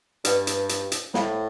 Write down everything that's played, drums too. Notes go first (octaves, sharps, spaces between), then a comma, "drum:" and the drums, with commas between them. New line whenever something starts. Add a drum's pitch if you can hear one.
G2 B4 D5 G5, drum: hi-hat
drum: hi-hat
drum: hi-hat
drum: hi-hat
A2 C5 F5 B5, drum: snare